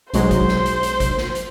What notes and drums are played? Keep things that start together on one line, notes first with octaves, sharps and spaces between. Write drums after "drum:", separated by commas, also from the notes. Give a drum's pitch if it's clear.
B1 F#3 G#3 C5, drum: hi-hat
drum: kick G#1, hi-hat
drum: snare
drum: hi-hat
drum: hi-hat
drum: kick G#1, hi-hat
drum: snare
drum: hi-hat